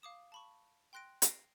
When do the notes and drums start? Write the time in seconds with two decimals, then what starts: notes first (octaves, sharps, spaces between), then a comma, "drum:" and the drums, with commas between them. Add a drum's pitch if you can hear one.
0.02 F5 D6 D#6 E7
0.32 A5 B5 C#6
0.93 G5 C6 F#6 A#6 D7
1.22 A#6 C7 D7, drum: hi-hat